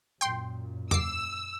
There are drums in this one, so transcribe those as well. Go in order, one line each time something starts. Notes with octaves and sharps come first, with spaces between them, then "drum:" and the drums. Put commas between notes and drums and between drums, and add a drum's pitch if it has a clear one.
F#2 A#2 G5 C6
D6 E6 C7, drum: tom E2